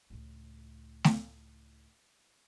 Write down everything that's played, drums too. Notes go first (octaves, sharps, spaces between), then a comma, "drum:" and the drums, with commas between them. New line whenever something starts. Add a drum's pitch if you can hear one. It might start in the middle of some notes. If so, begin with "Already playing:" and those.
C#2 A2
drum: snare A3